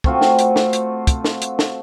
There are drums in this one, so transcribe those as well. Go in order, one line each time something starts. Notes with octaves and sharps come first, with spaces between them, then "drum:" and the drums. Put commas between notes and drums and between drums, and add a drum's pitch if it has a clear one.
A3 C4 F4 F#4, drum: kick
drum: snare
drum: hi-hat
drum: snare
drum: hi-hat
drum: kick, hi-hat
drum: snare
drum: hi-hat
drum: snare